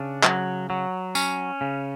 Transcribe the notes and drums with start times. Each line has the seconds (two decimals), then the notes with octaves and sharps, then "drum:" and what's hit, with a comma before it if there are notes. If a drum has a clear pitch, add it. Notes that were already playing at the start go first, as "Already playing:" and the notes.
Already playing: C#3 D4
0.23 F#3, drum: clap
0.70 F#3
1.15 C#4, drum: tambourine
1.61 C#3